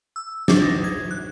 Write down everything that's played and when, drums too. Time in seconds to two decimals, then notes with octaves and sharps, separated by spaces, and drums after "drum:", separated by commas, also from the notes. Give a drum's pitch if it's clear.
0.16 E6
0.48 D4, drum: snare
0.62 D#4
0.84 G#6
1.11 F#6